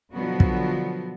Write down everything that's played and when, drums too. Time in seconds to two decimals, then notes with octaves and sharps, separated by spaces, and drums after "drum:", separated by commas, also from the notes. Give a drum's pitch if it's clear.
0.13 B2 D3 F3 F#3 B3 F#4
0.40 drum: kick